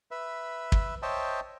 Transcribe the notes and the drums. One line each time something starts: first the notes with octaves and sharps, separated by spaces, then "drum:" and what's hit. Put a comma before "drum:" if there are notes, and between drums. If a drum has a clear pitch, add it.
B4 E5
drum: kick
C5 C#5 D#5 E5 G5 A5